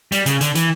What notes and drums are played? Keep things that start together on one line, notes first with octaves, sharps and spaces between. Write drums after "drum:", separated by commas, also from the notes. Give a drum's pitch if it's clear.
G3, drum: hi-hat
C#3, drum: hi-hat
D3, drum: hi-hat
E3, drum: hi-hat